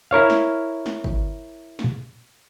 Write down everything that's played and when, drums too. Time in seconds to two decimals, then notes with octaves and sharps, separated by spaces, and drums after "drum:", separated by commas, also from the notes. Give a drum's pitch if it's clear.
0.11 E4 A#4 C#5 F5
0.30 drum: snare
0.86 drum: snare
1.04 drum: kick
1.79 drum: snare